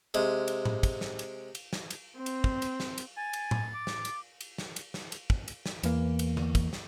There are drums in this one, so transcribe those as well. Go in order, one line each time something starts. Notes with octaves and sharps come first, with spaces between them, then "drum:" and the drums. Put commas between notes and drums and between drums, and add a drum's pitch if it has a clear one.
C3 G#3, drum: cymbal
drum: cymbal
drum: tom A2
drum: kick, cymbal
drum: snare
drum: cymbal
drum: cymbal
drum: snare
drum: cymbal
C4
drum: cymbal
drum: kick
drum: cymbal
drum: snare
drum: cymbal
G#5 A6
drum: cymbal
drum: tom A2
D6
drum: snare
drum: cymbal
drum: cymbal
drum: snare
drum: cymbal
drum: snare
drum: cymbal
drum: kick
drum: cymbal
drum: snare
E2 E3 A#3, drum: cymbal
drum: cymbal
drum: tom D3
drum: kick, cymbal
drum: snare